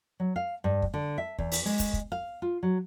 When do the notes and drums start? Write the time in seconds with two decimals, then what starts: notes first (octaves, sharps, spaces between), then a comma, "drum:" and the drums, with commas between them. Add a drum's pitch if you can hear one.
0.20 F#3
0.36 F5
0.64 G2
0.82 drum: kick
0.94 D3
1.18 E5
1.38 E2, drum: kick
1.52 drum: open hi-hat
1.66 G#3
1.79 drum: kick, hi-hat
1.93 drum: kick
2.12 F5
2.42 F4
2.63 F#3